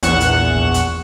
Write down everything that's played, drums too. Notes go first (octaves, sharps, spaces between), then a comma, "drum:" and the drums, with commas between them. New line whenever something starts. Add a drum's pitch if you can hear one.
A#1 E2 F#5 C#6 F#6 E7, drum: hi-hat
drum: hi-hat
drum: kick
drum: hi-hat